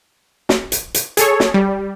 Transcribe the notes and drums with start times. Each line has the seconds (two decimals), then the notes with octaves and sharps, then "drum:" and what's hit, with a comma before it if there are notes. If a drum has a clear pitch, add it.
0.49 drum: snare
0.72 drum: hi-hat
0.94 drum: hi-hat
1.17 G#4 A4 C#5, drum: hi-hat
1.40 drum: snare
1.54 G3